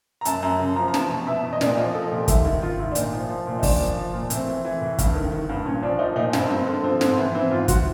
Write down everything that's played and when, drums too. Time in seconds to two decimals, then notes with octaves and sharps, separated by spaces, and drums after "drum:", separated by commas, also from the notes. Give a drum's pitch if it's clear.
0.21 A#5
0.25 F#2 A5, drum: hi-hat
0.43 F#2 A#5
0.60 C#3
0.76 F3 A#5
0.88 A#5
0.94 E2 A5, drum: snare
1.10 B2
1.27 B2 E5
1.43 E2
1.53 D#5
1.61 A#2 D5, drum: snare
1.77 F3 D#5
1.94 F3 A4
2.11 A#2 G4
2.28 G#2 E4, drum: kick, hi-hat
2.45 D#3 E4
2.62 D#3 F4
2.79 G#2 E4
2.91 D4
2.95 A#2 D#4, drum: hi-hat
3.13 F3
3.29 F3
3.47 A#2
3.59 D#4
3.63 A#2 D4, drum: kick, open hi-hat
3.79 F3
3.97 F3
4.14 A#2
4.30 A2 C4, drum: hi-hat
4.48 E3
4.65 E3
4.81 A2
4.99 G2, drum: kick, hi-hat
5.15 D#3
5.32 D#3
5.49 G2
5.65 A#2 C#4
5.82 F3 D4
5.99 F3 D#4
6.16 A#2 D#4
6.33 G2 C4, drum: snare
6.51 G2 C4
6.67 D3
6.84 F3 C4
7.01 G#2 C4, drum: snare
7.17 E3 B3
7.35 E3 C4
7.51 G#2 F4
7.68 F#4, drum: kick, hi-hat